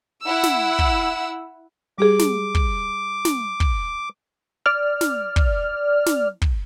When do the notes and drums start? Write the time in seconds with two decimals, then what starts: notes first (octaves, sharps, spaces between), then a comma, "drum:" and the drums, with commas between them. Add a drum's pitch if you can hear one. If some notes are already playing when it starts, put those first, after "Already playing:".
0.24 E4 F#5 E6
0.43 drum: snare
0.79 drum: kick
1.98 G3 G4 G#4 D6
2.19 drum: snare
2.55 drum: kick
3.25 drum: snare
3.60 drum: kick
4.66 D5 F6
5.01 drum: snare
5.36 drum: kick
6.06 drum: snare
6.42 drum: kick